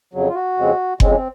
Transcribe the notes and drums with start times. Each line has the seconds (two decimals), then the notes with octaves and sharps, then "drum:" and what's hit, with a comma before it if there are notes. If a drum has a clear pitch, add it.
0.13 F2 C#3 F#3
0.29 F4
0.35 F#4
0.57 F2 C#3 G#3 C4
1.00 F2 C#3 G#3 C4 C#4, drum: kick F#1
1.11 C#4
1.15 C4